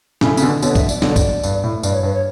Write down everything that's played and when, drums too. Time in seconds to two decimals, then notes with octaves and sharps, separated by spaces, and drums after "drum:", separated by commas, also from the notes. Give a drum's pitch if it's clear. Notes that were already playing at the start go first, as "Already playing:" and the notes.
0.21 A2 C#3 A4, drum: snare
0.37 C#3, drum: tambourine
0.42 B2 D3
0.62 B2 D3 C#5, drum: tambourine
0.75 E5, drum: kick, tambourine
0.89 D5, drum: tambourine
1.02 B2 D3, drum: snare
1.16 drum: kick, tambourine
1.43 G2, drum: tambourine
1.64 A2
1.83 G2 D5, drum: tambourine
1.93 C#5
2.03 G2 B4
2.14 C#5